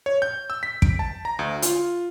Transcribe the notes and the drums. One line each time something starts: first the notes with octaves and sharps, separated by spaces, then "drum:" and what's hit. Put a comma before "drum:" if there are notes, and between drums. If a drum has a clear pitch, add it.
C#5
G6
E6
B6
D7, drum: kick
A5
A#5
D2
F4, drum: hi-hat